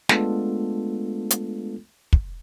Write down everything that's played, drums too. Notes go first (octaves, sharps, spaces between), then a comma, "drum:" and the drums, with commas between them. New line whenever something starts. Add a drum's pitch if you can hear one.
G#3 A3 B3 D4 F4 A4, drum: snare
drum: hi-hat
drum: kick